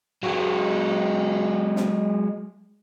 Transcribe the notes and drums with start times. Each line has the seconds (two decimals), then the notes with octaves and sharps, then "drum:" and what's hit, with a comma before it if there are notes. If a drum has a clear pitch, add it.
0.23 F#3 G#3, drum: cymbal
1.76 drum: snare